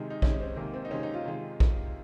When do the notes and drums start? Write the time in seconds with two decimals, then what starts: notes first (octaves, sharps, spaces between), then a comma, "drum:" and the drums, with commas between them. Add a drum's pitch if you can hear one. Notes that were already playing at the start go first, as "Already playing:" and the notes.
Already playing: C3 D#3 G#3
0.10 D#4
0.22 C3 D#3 G#3 C#4, drum: kick
0.40 C4
0.56 C3 D#3 G#3 A#3
0.74 C4
0.85 D#4
0.91 C3 D#3 G#3 C#4
1.03 D#4
1.14 F4
1.26 C3 D#3 G#3
1.60 drum: kick